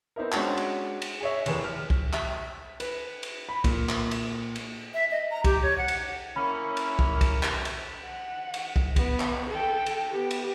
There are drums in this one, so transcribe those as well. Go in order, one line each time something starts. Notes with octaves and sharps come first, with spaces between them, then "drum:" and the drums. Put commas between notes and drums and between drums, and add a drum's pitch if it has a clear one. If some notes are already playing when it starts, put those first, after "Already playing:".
B3 C4 D#4 E4 A#4
G#3 C#4 D4 F#4, drum: clap
drum: cymbal
drum: cymbal
G#4 C#5 E5
F1 D#2 E3 G#4 E7, drum: cymbal
F6
drum: kick
E5, drum: clap
B4, drum: cymbal
drum: cymbal
B5
A#2, drum: kick, cymbal
drum: clap
drum: cymbal
drum: cymbal
E5
D#5
A#5
G4, drum: kick, cymbal
C#5
F#5
drum: cymbal
A#3 C#4 E4 B5
drum: cymbal
drum: kick
drum: kick, cymbal
drum: clap
drum: cymbal
F#5
drum: cymbal
drum: kick
B3, drum: kick, cymbal
drum: clap
A4 G5
drum: cymbal
B3 G4
drum: cymbal